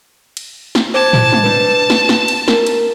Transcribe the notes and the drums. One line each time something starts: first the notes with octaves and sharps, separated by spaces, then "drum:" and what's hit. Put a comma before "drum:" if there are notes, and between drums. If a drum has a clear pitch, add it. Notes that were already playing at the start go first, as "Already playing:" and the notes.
drum: cymbal
drum: snare
C5 A5 D6 G#6
drum: tom
drum: tom G3
D4 B4
drum: snare
drum: snare
drum: cymbal
A#4, drum: snare
drum: cymbal